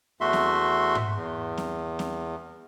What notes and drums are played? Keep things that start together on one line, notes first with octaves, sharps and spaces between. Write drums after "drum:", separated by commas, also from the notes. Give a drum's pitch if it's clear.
E2 A3 F#4 E5 C6
drum: snare C4
drum: tom G#2
E2
drum: snare C4
drum: snare C4